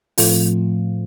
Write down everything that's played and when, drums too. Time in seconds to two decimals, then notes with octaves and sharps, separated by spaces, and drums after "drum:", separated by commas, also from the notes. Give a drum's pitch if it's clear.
0.18 A2 F3 A3 C4 F4, drum: open hi-hat